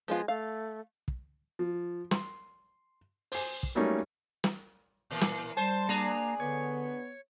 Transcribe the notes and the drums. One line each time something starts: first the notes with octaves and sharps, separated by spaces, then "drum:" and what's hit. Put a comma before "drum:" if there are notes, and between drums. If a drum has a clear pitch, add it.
F3 G#3 B3 F4
A3 F5
drum: kick
F3
C6, drum: snare
C5 G#5, drum: open hi-hat
drum: kick
F#3 G3 A3 A#3 C#4 D#4
drum: snare
A#2 E3 A#3
drum: snare
G3 C5 A5
A#3 D4 G#4 A#5
D3 B3 C#5